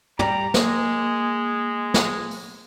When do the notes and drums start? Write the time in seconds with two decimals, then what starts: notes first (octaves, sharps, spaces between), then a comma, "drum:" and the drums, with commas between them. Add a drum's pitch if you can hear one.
0.19 G3 G4 D5 A#5, drum: tom
0.54 G#3 A#3, drum: snare
1.94 drum: snare
2.31 drum: open hi-hat